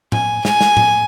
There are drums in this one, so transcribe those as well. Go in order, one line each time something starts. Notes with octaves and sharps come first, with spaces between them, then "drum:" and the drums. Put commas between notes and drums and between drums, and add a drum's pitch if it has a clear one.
G#5, drum: tom A2
G#5, drum: snare
drum: snare
drum: tom A2